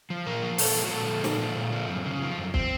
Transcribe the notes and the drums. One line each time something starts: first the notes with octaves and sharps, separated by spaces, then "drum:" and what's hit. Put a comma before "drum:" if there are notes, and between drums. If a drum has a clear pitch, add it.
F3
A#2 A#4
F3
A#2 A4, drum: open hi-hat
F3
F#4
A#2 A4
F3
A#2, drum: snare
F3
A#2
F3
F#2
C#3
F3
F#2
C4, drum: kick